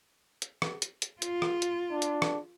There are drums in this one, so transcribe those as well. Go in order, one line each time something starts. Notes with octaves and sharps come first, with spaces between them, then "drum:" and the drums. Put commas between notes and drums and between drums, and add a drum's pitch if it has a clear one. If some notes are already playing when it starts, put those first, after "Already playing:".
drum: hi-hat
drum: rim click
drum: hi-hat
drum: hi-hat
F4, drum: hi-hat
drum: rim click
drum: hi-hat
D4
drum: hi-hat
drum: rim click